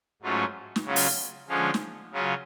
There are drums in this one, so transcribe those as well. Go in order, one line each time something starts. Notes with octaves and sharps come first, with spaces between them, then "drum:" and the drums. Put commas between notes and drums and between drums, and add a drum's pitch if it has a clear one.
G#2 F#3 A3 C#4 F4
drum: snare
C#3 F#3 C#4 F4
drum: open hi-hat
D3 F3 G#3 C#4 F4
drum: snare
C#3 F#3 C#4 F4